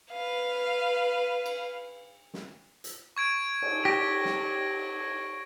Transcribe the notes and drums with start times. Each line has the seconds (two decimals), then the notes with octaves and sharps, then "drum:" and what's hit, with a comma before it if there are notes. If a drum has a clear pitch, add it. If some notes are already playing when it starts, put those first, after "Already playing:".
0.13 B4 F5
1.46 drum: cymbal
2.34 drum: snare
2.84 drum: hi-hat
3.17 C#6 G#6 D7
3.62 drum: cymbal
3.85 G4 A#6
4.25 drum: snare